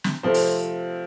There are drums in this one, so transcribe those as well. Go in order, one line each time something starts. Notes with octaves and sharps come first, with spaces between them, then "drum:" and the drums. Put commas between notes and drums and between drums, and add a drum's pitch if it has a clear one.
drum: snare
C3 F3 A3 C4 C5
drum: open hi-hat